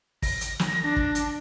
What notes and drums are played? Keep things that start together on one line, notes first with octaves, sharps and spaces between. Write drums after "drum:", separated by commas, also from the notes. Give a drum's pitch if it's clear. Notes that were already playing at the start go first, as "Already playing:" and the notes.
A#6, drum: kick, open hi-hat
drum: hi-hat
drum: snare
D4
drum: kick
drum: hi-hat